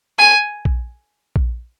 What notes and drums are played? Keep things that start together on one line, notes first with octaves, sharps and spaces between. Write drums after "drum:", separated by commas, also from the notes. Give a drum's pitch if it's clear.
G#5
drum: kick A#1
drum: kick A#1